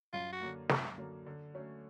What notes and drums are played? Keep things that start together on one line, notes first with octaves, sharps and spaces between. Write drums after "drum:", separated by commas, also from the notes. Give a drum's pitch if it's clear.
F#2 F4
F#4
D3 F#3 A#3
F#2, drum: snare
D3 F#3 A#3
D3
F#3 A3 C#4